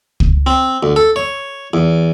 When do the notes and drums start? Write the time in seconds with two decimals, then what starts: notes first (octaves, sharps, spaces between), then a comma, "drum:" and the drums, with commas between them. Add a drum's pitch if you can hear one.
0.20 drum: kick
0.46 C4
0.83 D2
0.96 A4
1.16 C#5
1.74 E2